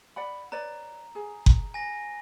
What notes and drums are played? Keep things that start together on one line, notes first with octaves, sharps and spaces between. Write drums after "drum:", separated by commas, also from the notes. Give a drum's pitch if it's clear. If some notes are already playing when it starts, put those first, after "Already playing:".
D5 F#5 B5
B4 C#5 D5 A#5
G#4
drum: kick F#1
G#5 A#6